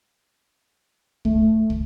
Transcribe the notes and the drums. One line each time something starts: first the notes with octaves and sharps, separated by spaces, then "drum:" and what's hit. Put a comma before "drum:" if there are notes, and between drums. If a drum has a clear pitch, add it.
A3, drum: kick
drum: kick